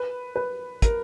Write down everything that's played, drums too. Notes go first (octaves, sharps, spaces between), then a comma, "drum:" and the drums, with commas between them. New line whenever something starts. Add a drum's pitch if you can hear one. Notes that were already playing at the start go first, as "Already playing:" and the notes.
Already playing: B4
B4
A#4, drum: kick, hi-hat